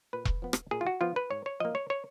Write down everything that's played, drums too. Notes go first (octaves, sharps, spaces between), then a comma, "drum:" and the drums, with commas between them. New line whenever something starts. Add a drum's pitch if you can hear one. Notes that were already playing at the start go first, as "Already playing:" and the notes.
A#2 B4
drum: kick E1
F3 B3
drum: rim click
A#2 G#4
F4
F#4
F3 B3 F4
B4
G#2 C#5
C#5
F3 A#3 D#5
C#5
C#5